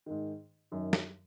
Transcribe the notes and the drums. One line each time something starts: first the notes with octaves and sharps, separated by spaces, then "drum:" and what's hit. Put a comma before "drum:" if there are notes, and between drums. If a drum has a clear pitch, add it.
G#2 D#3
F#2 D#3
drum: snare